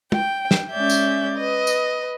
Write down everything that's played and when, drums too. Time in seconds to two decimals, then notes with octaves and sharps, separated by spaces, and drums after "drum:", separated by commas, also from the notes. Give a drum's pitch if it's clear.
0.12 G5, drum: tom
0.51 drum: snare
0.71 G#3 C#4 D5 E5 G6
0.90 drum: tambourine
1.37 B4 D#5
1.67 drum: tambourine